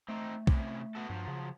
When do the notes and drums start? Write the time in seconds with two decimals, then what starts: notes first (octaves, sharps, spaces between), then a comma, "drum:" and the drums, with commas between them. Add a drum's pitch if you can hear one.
0.08 A3 C4 D#4
0.47 C3 C#4 E4, drum: kick B1
0.95 B3 F#4 A4
1.10 G2 F3 F#3
1.27 C#3